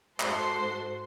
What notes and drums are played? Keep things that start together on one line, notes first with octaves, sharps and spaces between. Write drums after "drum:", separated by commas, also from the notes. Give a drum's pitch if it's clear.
G#2 F#4 A4 C5 C6, drum: clap